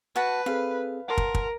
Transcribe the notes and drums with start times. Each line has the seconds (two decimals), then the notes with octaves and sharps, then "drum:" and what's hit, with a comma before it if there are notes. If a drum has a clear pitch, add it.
0.16 F#4 B4 A5
0.46 C4 G#4 A4 F5
1.08 A#4 F#5 A5 C6
1.18 drum: kick
1.35 drum: kick